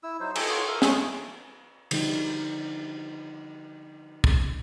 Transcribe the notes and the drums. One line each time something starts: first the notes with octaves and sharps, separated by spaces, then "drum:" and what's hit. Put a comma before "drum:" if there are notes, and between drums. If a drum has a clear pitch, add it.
E4 E6
F#3 D#4 C5
G4 A4 D#5 G#5, drum: cymbal
F4 F#4 C#5
A#4 E5 D#6
G#3 A3 G#4, drum: snare
D3 F3 G3 D#4, drum: cymbal
drum: kick